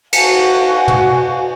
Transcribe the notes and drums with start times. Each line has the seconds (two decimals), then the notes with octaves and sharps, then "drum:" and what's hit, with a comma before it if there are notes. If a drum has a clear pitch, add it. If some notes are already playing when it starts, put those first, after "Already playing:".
0.13 F#4 F5 F#5 G#5, drum: cymbal
0.88 drum: tom